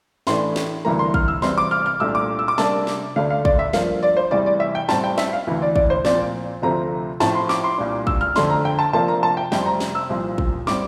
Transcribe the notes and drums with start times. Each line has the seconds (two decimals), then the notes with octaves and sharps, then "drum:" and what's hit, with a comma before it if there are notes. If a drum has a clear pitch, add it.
0.27 A2 E3 A3 D4 C6, drum: snare
0.56 drum: snare
0.85 D2 C3 E3 G3 A#3 A#5
0.99 C6
1.14 F6, drum: kick
1.28 E6
1.42 E2 C3 G3 C4 C6, drum: snare
1.58 D6
1.71 F6
1.86 F6
2.00 C2 A#2 A3 D4 E6
2.15 D6
2.39 E6
2.48 D6
2.58 C3 G3 A#3 D4 A5, drum: snare
2.87 drum: snare
3.16 D2 D3 A3 D4 F5
3.30 F5
3.45 D5, drum: kick
3.59 E5
3.73 G2 F3 A#3 D4 F5, drum: snare
4.03 D5
4.17 C5
4.31 E2 C3 E3 G3 D5
4.46 D5
4.60 E5
4.75 G5
4.89 A2 G3 C4 A5, drum: snare
5.04 G5
5.18 E5, drum: snare
5.33 F5
5.47 D2 C3 E3
5.62 D5
5.76 D5, drum: kick
5.90 C5
6.05 A#2 F3 C4 D5, drum: snare
6.62 D2 C3 F3 A3 C4 A#5
7.20 A2 F3 C4 A5, drum: snare
7.35 C6
7.49 D6, drum: snare
7.64 C6
7.78 C2 A#2 G3 D4
8.07 E6, drum: kick
8.21 F6
8.36 F2 D3 A3 D4 C6, drum: snare
8.50 A#5
8.65 G5
8.79 A5
8.93 C3 F3 A#3 D4 A5
9.08 A#5
9.23 A5
9.37 G5
9.52 F2 C3 G3 C4 G5, drum: snare
9.66 A#5
9.80 drum: snare
9.95 E6
10.09 C2 A#2 F3 C4
10.38 drum: kick
10.67 A2 G3 C4 D6, drum: snare